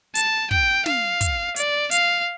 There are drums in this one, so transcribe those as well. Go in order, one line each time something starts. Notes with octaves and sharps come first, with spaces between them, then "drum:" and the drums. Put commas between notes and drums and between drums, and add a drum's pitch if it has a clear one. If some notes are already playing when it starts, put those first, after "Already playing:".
A5, drum: hi-hat
G5, drum: kick
F5, drum: snare
drum: kick, hi-hat
D5, drum: hi-hat
F5, drum: hi-hat